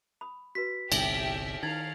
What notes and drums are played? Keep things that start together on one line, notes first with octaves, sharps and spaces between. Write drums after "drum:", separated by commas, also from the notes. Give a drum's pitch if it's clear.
B5 D#6
F#4 B4 B6
G1 C2 G4 E5 A#6 G7, drum: cymbal
D#3 D#4 E4 F5 G#6 A6 F#7